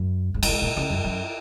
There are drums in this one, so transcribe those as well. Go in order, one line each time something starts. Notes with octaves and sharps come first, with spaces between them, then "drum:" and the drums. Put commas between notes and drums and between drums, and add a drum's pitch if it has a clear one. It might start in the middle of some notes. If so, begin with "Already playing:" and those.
Already playing: F#2
G#2
F#2, drum: cymbal
G#2
A#2
C#3
F#2
F#2